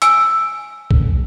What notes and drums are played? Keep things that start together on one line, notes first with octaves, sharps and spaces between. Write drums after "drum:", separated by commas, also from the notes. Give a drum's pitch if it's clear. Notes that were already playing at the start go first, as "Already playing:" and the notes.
G#5 E6, drum: hi-hat
drum: kick B1